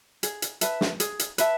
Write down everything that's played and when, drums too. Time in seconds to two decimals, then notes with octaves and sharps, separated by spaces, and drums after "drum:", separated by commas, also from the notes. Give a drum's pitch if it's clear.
0.23 G#4, drum: hi-hat
0.42 drum: hi-hat
0.61 B4 E5 A5, drum: hi-hat
0.81 drum: snare
1.00 G#4, drum: hi-hat
1.19 drum: hi-hat
1.38 B4 E5 A5, drum: hi-hat